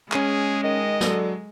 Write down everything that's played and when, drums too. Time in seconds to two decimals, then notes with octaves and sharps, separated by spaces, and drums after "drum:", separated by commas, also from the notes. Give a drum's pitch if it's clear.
0.12 G#3 C#4 G#4 D#7, drum: clap
0.64 D#3 D#5
1.01 D3 F#3 A4, drum: snare